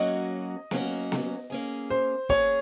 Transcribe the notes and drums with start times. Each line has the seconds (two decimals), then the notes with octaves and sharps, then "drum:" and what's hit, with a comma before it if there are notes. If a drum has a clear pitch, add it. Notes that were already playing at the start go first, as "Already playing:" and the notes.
Already playing: F#3 A#3 C#4 F#4 D#5
0.71 F#3 A#3 C#4 F#4, drum: snare B3
1.12 drum: snare B3
1.50 A#3 C#4 G#4
1.90 C5
2.29 A#3 C#4 G#4 C#5, drum: kick